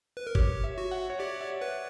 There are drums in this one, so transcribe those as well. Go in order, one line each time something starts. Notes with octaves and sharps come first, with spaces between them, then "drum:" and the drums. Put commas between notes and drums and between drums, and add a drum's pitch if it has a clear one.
B4
A#4
G4 C#5, drum: kick G1
E5
F#4
F#5
C#5
G4 D5
E5
B4 F#5